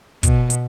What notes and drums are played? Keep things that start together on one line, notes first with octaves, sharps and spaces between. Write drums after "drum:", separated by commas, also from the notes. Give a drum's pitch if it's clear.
B2, drum: kick, hi-hat
drum: hi-hat